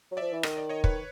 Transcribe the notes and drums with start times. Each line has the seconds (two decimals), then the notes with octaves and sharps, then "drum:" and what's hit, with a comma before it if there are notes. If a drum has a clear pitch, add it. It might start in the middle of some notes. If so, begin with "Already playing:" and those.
0.12 F#3
0.17 F3 D5 E5
0.32 E3
0.43 D#3 D#5, drum: rim click
0.57 D5
0.69 C#5 D#5
0.84 B4 C#5, drum: kick